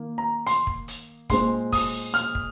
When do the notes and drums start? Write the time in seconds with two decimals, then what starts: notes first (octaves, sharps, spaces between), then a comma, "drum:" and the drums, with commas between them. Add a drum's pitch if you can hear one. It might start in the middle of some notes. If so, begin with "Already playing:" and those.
Already playing: D#3 A#3
0.18 A#5
0.46 C6, drum: hi-hat
0.67 drum: kick
0.88 drum: hi-hat
1.30 A#2 G#3 C4 C6, drum: kick, hi-hat
1.72 D#6, drum: kick, open hi-hat
2.14 F6, drum: hi-hat
2.35 drum: kick